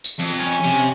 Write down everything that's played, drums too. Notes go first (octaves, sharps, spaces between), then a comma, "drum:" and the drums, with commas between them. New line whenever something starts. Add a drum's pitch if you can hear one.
drum: tambourine
F2
C#4
C3